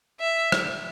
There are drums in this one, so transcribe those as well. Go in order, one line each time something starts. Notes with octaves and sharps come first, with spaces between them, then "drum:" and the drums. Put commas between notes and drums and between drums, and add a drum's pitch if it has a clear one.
E5
drum: rim click